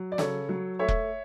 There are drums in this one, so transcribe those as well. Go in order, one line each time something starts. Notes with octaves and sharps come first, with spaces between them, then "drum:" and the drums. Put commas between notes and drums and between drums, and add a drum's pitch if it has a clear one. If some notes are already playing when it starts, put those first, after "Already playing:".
Already playing: F#3
D5
C#3 A4 C#5, drum: snare
F#3
A3 C#5 E5
drum: kick E1